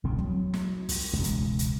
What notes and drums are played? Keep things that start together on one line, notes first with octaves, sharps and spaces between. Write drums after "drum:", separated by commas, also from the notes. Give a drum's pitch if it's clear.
D#1 C2 D3 C4
F#3, drum: kick
drum: snare
drum: kick, open hi-hat
E1 C#2
drum: hi-hat
drum: hi-hat